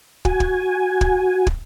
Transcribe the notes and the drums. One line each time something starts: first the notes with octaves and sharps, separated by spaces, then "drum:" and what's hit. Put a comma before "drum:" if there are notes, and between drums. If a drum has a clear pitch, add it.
F#4 G#5, drum: kick
drum: kick
drum: kick
drum: kick